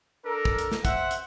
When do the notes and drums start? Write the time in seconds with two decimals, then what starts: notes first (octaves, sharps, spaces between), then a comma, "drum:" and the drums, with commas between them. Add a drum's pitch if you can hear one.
0.25 D4 A4 A#4
0.45 drum: kick
0.58 drum: hi-hat
0.72 drum: snare
0.85 C5 E5 F#5, drum: kick, hi-hat
1.11 drum: hi-hat